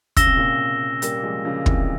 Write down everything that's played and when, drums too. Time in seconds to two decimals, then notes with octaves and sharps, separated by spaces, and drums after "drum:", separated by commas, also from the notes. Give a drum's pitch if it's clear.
0.17 C#3 E6 A#6 E7 G7, drum: kick, hi-hat
0.27 C3
0.36 A#2 C#3
1.02 G3 A#3, drum: hi-hat
1.23 F3 G#3
1.45 C#3 F3
1.66 C3 E3, drum: kick